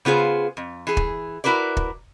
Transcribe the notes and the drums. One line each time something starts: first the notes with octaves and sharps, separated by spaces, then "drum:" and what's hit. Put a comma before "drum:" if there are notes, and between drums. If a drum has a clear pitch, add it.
C#3 B3 F4 G#4 C5
F2
E3 G#4
drum: kick
E4 F#4 A#4 B4 D5
drum: kick